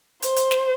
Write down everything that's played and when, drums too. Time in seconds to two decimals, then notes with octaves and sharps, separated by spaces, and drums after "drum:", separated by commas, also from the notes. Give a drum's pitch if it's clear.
0.22 C5, drum: hi-hat
0.36 drum: hi-hat
0.51 drum: snare